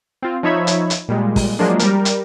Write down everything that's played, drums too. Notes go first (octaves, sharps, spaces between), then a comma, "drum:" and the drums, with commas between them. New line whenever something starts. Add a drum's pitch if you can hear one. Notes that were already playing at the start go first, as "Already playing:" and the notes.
C4 F4
F3 D#4 C#5 E5 B5 G#6
drum: hi-hat
drum: hi-hat
A#2 G3 G#3
drum: kick, open hi-hat
F3 F#3 G#3 A#3 D4
G3 A#4, drum: hi-hat
drum: hi-hat